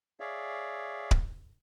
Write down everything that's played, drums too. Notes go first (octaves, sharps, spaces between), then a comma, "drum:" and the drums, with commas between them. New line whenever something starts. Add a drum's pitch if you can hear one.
G#4 C#5 D5 E5 F5
drum: kick D1